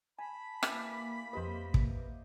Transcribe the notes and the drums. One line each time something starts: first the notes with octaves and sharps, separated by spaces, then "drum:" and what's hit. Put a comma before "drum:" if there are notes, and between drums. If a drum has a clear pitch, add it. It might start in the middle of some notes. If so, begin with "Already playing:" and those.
G#5 A5 B5
E3 A#3 G4 D5, drum: rim click
F2 G4 B4 C5 D#5
drum: kick